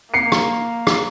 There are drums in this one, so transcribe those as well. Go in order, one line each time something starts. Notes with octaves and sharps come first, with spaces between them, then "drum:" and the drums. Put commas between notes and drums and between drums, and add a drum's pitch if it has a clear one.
A#3 C7 C#7
drum: rim click
drum: rim click